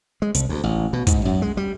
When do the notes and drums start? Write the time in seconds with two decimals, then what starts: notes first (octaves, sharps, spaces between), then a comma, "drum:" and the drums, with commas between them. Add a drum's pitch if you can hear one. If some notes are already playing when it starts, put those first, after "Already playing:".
0.22 G#3
0.34 C2, drum: hi-hat
0.49 D2
0.63 A1
0.93 B2
1.07 G#2, drum: kick, hi-hat
1.25 F#2
1.42 G#3
1.57 G3